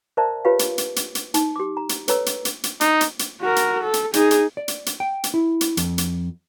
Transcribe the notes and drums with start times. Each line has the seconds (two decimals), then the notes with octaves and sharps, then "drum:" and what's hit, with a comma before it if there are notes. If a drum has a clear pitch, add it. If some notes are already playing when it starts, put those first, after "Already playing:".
0.17 A#4 C5 D5 E5 A5 A#5
0.45 F4 G4 B4 C#5 F5
0.59 drum: hi-hat
0.78 drum: hi-hat
0.96 drum: hi-hat
1.15 drum: hi-hat
1.34 D#4, drum: hi-hat
1.56 G4 D6
1.77 A#5
1.89 drum: hi-hat
2.08 A4 B4 C#5 A#5 E6, drum: hi-hat
2.26 drum: hi-hat
2.45 drum: hi-hat
2.64 drum: hi-hat
2.81 D#4, drum: hi-hat
3.01 drum: hi-hat
3.19 drum: hi-hat
3.41 F#4 A#4
3.56 drum: hi-hat
3.84 A4
3.94 drum: hi-hat
4.14 D#4 G#4, drum: hi-hat
4.31 drum: hi-hat
4.57 D5
4.68 drum: hi-hat
4.86 drum: hi-hat
5.00 G5
5.24 drum: hi-hat
5.34 E4
5.61 drum: hi-hat
5.77 F2, drum: hi-hat
5.98 drum: hi-hat